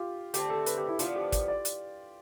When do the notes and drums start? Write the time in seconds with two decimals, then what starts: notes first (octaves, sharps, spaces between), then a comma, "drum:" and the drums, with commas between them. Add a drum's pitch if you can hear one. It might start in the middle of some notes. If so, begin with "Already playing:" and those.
Already playing: F4 G4
0.34 D3 A3 C4 G4, drum: hi-hat
0.50 A4
0.66 B4, drum: hi-hat
0.78 G4
0.88 E4
0.99 D3 F3 B3 D4 F4, drum: hi-hat
1.16 G4
1.32 D5, drum: kick, hi-hat
1.48 D5
1.65 drum: hi-hat